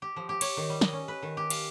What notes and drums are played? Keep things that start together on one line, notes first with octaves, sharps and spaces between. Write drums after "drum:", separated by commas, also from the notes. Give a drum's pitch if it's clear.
G4
F3
G4
C#5, drum: cymbal
D#3
G3
D#5, drum: snare
C#4
B4
D#3
G4
F5, drum: cymbal